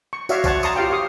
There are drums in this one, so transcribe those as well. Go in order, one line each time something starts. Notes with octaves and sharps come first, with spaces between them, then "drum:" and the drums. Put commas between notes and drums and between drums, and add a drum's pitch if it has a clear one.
C#6
F#4 C#5 D5 E5 F5, drum: tambourine
C5 C#5 F#5 A5, drum: kick A#1, tambourine
A5 A#5 C6 C#6 D#6, drum: tambourine
F4 G4 F5 G5
G4 F5 C#6 D#6